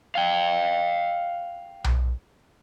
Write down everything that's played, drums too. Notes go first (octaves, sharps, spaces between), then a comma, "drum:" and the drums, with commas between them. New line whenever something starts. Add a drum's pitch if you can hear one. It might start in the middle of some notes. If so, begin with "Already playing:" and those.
F5 G5
drum: tom B1